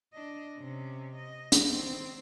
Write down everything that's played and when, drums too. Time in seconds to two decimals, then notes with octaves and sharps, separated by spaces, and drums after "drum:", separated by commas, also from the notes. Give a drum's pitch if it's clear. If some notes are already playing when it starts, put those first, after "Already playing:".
0.13 D4 D#5
0.59 C3 C#4
1.16 D#5
1.52 drum: hi-hat
1.68 D#3 C4